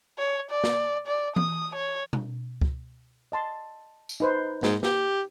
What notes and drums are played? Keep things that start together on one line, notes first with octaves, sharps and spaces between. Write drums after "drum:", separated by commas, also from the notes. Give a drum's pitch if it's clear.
C#5
D5
drum: snare
D5
D#6, drum: tom E3
C#5
drum: tom B2
drum: kick
D#5 A5 C6
drum: tambourine
D#4 B4 C5
G#2, drum: snare
G4, drum: snare